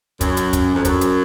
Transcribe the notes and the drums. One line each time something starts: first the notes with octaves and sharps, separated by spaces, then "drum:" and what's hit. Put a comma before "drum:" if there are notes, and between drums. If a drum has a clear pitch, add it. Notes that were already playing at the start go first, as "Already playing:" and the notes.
F#2, drum: kick, hi-hat
drum: hi-hat
drum: kick, hi-hat
F2
F#2, drum: kick, hi-hat
drum: hi-hat